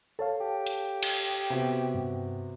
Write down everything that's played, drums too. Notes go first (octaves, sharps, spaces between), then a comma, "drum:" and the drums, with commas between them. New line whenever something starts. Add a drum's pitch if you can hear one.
A4 C#5 F5 A5
G4
drum: hi-hat
drum: cymbal
C3 B3 F#4
G2